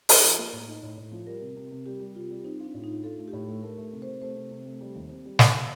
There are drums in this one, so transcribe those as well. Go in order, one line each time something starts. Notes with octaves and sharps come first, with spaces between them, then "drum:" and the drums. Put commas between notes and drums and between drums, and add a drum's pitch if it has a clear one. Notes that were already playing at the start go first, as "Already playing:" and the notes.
D#4, drum: open hi-hat
F3
A#3
A2
D#4
A2
A2
F3
G3 A#4
C3
C3
C3
G3 G4
G3
C3 F4
G3
C4 D#4
D4 F4
A2
D#4
F4
F4 A4
A3
G4
A2 A4
A3
A3 A#4
A3
C3
C3 C5
A3 C5
C3
C3
A3
G3
D#2
C4
G3
D#3, drum: snare